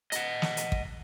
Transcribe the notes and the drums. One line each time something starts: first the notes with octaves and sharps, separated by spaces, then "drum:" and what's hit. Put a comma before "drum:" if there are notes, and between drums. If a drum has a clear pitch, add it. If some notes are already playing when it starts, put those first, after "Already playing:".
D#5 F#5, drum: hi-hat
drum: snare
drum: hi-hat
drum: kick